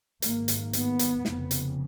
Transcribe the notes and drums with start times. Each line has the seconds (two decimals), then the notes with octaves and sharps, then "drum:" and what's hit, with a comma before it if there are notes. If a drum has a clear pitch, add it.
0.22 G#1 G#2 A#3, drum: hi-hat
0.48 drum: hi-hat
0.73 B3, drum: hi-hat
0.99 drum: hi-hat
1.25 F1 F2 C#3, drum: snare
1.51 drum: hi-hat